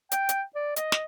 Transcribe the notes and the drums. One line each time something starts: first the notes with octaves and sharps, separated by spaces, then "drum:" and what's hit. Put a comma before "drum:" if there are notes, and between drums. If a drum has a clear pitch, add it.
G5, drum: hi-hat
drum: hi-hat
D5
D#5, drum: hi-hat
drum: snare